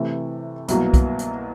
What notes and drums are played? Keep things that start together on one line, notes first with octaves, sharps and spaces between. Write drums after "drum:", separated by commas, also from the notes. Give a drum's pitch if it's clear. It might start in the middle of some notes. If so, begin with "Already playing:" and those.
Already playing: C3 E3 A3
C2 B2 F#3 A#3, drum: hi-hat
drum: kick, hi-hat
drum: hi-hat